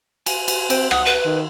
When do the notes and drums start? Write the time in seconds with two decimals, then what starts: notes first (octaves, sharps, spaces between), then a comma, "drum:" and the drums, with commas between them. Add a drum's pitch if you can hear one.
0.26 G#5, drum: cymbal
0.48 drum: cymbal
0.70 C4, drum: cymbal
0.91 F#5 D#6, drum: rim click
1.06 B4
1.26 D#3